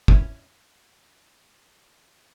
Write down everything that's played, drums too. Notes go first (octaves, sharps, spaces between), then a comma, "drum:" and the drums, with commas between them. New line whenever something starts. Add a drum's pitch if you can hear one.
C#4 E4, drum: kick